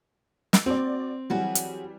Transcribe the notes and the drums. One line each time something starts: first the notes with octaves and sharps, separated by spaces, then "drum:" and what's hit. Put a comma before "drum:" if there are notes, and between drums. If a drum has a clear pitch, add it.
drum: snare
C4 F#4 D5
E3 F#3 G3 F#4 G#4
drum: hi-hat